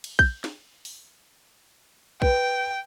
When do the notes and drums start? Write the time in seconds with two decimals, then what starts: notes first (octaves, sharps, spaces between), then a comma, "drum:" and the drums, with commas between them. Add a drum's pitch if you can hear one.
0.04 drum: cymbal
0.19 G6, drum: kick
0.44 drum: snare
0.85 drum: open hi-hat
2.22 B4 G5, drum: kick